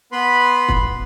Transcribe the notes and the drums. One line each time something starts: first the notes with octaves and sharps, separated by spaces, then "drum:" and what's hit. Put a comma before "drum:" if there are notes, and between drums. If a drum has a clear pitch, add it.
B3 B4 B5 C6
drum: kick